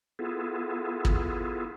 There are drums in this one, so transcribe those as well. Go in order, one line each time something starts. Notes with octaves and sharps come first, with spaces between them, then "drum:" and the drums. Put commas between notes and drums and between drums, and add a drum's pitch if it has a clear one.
B3 E4 F4 G#4 A4
drum: kick